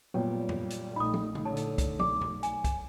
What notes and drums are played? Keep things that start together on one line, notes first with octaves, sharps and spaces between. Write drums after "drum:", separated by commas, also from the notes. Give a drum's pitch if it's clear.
A#2 F#3 G3 B3 C#5 G5
drum: tom E2
drum: hi-hat
A#1 A3 D#4 B5 D#6
drum: tom
drum: tom C#3
A#2 D3 C#5 A5
drum: hi-hat
drum: kick, hi-hat
B1 D5 D6, drum: tom
drum: tom E2
G#5, drum: hi-hat
drum: kick, hi-hat